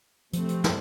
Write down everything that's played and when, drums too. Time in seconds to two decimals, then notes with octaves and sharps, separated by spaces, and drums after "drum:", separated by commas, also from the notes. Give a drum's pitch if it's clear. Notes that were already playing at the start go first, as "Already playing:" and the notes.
0.33 C3 F3 A3 C4, drum: hi-hat
0.49 drum: hi-hat
0.64 drum: snare